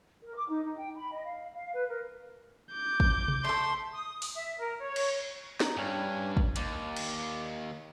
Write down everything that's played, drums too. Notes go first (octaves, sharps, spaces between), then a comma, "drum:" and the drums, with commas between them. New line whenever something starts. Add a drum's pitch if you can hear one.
A#4
D6
D#4
D#4
G5
B5
D#5
F5
F5
B4
A#4
D6 G6
drum: kick
drum: tom C3
A3 A4 C6
D#6
drum: open hi-hat
E5
A#4
C#5
drum: cymbal
D#4 A#5, drum: snare
G2 C#4 D4 G#5
drum: kick
D#2 D5, drum: hi-hat
drum: cymbal